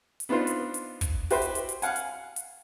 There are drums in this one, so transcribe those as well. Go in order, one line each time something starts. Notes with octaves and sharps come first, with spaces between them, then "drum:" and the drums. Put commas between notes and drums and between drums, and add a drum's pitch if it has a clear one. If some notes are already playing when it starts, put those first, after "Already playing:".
drum: hi-hat
B3 D4 D#4 F4 C5
drum: hi-hat
drum: hi-hat
drum: kick, hi-hat
E4 F#4 G4 B4 C5, drum: open hi-hat
drum: hi-hat
drum: hi-hat
drum: hi-hat
F5 F#5 G#5, drum: hi-hat
drum: hi-hat
drum: hi-hat